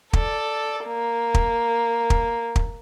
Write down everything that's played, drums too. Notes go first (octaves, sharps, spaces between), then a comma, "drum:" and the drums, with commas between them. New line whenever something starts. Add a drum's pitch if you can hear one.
A4 D5, drum: kick
A#3
drum: kick
drum: kick
drum: kick